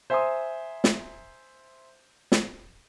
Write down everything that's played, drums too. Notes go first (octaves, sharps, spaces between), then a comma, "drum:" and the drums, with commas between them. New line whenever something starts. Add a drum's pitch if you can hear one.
C5 E5 G#5 A#5 C6 D#6
drum: snare
drum: snare